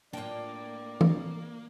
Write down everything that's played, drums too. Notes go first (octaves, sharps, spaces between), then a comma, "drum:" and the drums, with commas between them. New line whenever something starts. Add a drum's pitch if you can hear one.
A2 A#3 D4 F4 D5 G5
drum: tom E3